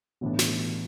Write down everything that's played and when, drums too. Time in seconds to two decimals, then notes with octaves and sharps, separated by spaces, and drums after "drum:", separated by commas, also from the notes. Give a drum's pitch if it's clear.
0.21 B1 A2 E3 B3 D4
0.39 drum: snare